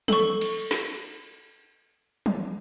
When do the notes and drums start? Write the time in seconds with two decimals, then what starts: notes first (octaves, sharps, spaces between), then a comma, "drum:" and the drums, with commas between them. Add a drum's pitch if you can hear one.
0.08 A4 C#6, drum: tom
0.41 drum: cymbal
0.71 drum: snare
2.26 drum: tom